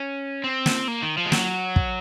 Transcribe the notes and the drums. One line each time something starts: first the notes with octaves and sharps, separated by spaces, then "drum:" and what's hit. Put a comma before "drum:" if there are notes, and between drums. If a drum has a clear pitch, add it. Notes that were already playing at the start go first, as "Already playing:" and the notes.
Already playing: C#4
C4
drum: snare
A#3
D#3
F3
G#3
F#3, drum: snare
drum: kick